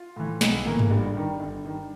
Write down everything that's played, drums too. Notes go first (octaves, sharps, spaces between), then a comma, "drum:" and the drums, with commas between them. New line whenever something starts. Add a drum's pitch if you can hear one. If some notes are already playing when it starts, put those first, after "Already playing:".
Already playing: F4
A2 E3
B1 B3, drum: snare
A2 E3 A#3
G#3, drum: tom G2
G1 G3
G2 D#3
G1
G2 D#3